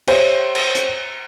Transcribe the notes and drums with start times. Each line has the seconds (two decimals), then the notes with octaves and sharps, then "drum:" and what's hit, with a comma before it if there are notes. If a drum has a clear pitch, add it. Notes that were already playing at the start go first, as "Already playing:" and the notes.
0.07 G4 C5 C#5 E5, drum: cymbal
0.55 drum: cymbal
0.75 drum: hi-hat